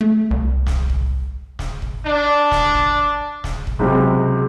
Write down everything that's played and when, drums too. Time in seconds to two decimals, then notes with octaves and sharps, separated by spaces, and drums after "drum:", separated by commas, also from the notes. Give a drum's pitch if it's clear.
0.01 A3
0.31 C2
0.66 drum: snare
0.90 drum: kick
1.59 drum: snare
1.82 drum: kick
2.05 D4
2.51 drum: snare
2.75 drum: kick
3.44 drum: snare
3.67 drum: kick
3.79 C#2 C3 F#3 G#3 C4